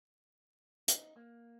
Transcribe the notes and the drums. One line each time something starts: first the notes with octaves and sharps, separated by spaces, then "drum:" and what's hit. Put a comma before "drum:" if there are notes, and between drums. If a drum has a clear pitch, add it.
D#4, drum: hi-hat
A#3